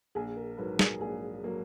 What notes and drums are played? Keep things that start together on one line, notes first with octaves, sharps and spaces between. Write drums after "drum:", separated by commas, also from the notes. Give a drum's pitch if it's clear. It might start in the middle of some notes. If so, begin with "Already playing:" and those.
A#1 G#4
A#4
G#2 F#3 A#3 B4
G#4, drum: snare
A#1 G#4
F#3 A#3